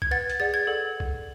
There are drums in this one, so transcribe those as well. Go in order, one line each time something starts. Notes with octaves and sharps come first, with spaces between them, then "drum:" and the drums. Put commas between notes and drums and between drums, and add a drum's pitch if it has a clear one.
G#6, drum: kick B1
B4 F#5 A6
drum: hi-hat
G#4 D5 F#5 A6
G#6
A4 D5 F#5
drum: kick B1